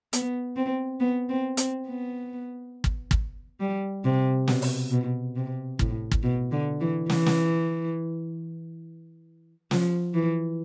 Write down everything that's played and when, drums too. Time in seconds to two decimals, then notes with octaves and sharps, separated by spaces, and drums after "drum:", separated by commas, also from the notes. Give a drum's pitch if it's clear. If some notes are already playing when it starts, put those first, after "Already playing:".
0.13 B3, drum: hi-hat
0.56 C4
1.00 B3
1.29 C4
1.57 C4, drum: hi-hat
1.87 B3
2.84 drum: kick
3.11 drum: kick
3.60 G3
4.05 C3
4.48 B2, drum: snare
4.62 drum: open hi-hat
4.91 B2
5.36 C3
5.79 A2, drum: kick
6.11 drum: kick
6.23 B2
6.51 D3
6.80 E3
7.10 E3, drum: snare
7.26 drum: snare
9.71 F3, drum: snare
10.14 E3